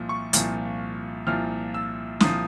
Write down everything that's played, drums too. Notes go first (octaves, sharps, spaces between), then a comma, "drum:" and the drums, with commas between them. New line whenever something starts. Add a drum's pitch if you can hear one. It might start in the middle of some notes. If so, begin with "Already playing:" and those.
Already playing: C2 A#2 F3
C#6
C2 A#2 F3, drum: hi-hat
C2 A#2 F3 F6
E6
C2 A#2 F3 D#6, drum: snare